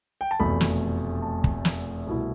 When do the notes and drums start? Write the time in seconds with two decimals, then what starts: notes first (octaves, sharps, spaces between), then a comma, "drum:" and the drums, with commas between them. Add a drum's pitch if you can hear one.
0.21 G5
0.31 A5
0.39 F1 E2 B2 A3 B5
0.61 drum: snare
1.22 A5
1.44 drum: kick
1.65 drum: snare
2.07 C2 B2 A3 E4